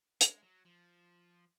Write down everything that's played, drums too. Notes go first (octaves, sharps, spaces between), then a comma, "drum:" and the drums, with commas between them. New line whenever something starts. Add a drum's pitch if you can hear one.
G#3, drum: hi-hat
F#3
F3